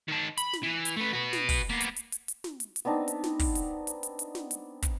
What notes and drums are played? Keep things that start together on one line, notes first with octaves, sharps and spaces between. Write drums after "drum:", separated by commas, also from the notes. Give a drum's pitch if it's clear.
D#3 A5
B5, drum: hi-hat
drum: snare
E3
drum: hi-hat
A3 B4
F#4 B4
drum: snare
drum: kick, open hi-hat
A#3 B3
drum: hi-hat
drum: hi-hat
drum: hi-hat
drum: hi-hat
drum: snare
drum: hi-hat
drum: hi-hat
B3 C4 D4 D#4
drum: hi-hat
drum: snare
drum: kick, open hi-hat
drum: hi-hat
drum: hi-hat
drum: hi-hat
drum: hi-hat
drum: snare
drum: hi-hat
drum: kick, hi-hat